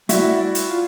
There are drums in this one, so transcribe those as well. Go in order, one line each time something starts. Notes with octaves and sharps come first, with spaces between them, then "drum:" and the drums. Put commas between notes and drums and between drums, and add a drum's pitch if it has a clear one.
G3 A3 E4 F#4 E5, drum: hi-hat
D5
drum: hi-hat
F4